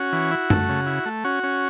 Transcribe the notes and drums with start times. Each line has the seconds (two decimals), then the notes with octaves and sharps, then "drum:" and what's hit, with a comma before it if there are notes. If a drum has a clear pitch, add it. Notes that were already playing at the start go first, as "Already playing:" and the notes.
Already playing: C#4 F#4
0.13 E3
0.31 E4
0.50 A3, drum: tom F#2
0.69 C#3
0.86 E4
1.06 A3
1.24 C#4 F#4
1.43 C#4